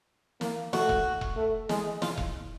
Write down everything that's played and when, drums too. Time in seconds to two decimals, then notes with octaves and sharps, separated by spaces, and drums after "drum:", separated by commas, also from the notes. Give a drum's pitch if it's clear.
0.41 A#3, drum: snare
0.73 A3 F#4, drum: snare
0.89 drum: kick E1
1.21 drum: kick E1
1.37 A3
1.69 G#3, drum: snare
2.02 F4, drum: snare
2.18 drum: kick E1